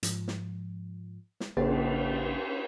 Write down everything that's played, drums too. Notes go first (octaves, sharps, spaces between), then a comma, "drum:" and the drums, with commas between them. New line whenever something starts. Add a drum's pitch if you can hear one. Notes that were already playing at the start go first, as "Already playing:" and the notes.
G#2 F3, drum: hi-hat
drum: snare
drum: snare
A1 C#3 A#3 G#4 B4 A6, drum: cymbal